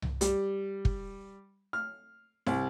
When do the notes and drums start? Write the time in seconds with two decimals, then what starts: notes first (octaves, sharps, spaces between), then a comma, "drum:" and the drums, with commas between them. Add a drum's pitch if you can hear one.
0.02 drum: tom C2
0.21 G3, drum: hi-hat
0.85 drum: kick
1.73 F6
2.46 C2, drum: snare E4